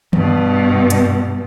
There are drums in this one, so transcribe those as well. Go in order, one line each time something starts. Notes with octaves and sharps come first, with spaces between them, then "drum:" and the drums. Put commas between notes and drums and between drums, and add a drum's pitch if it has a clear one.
G2 B2, drum: tom D#3
drum: hi-hat